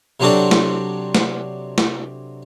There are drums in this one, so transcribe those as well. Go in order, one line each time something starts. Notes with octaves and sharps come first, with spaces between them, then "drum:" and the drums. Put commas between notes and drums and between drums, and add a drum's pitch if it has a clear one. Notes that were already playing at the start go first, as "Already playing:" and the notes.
C3 F#3 C4 D4 F#4 A4
drum: snare
drum: snare
drum: snare